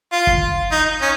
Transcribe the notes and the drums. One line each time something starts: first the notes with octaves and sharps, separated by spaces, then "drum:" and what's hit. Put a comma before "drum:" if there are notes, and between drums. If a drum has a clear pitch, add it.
F4
drum: kick
D#4
C#4